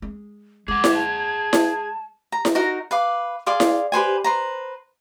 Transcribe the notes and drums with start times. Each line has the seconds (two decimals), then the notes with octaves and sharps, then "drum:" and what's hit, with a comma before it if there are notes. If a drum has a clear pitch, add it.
0.02 G#3
0.68 G#3 G#4 F#5 D6 G#6
0.84 drum: snare E4
0.95 A5
1.53 drum: snare E4
2.32 A#5
2.45 drum: snare E4
2.55 D#4 F#4 A#4 A#5
2.91 B4 F5 D6
3.46 G#4 D5 F5 C6
3.60 drum: snare E4
3.92 G4 B4 C5 G#5
4.24 B4 C5 A#5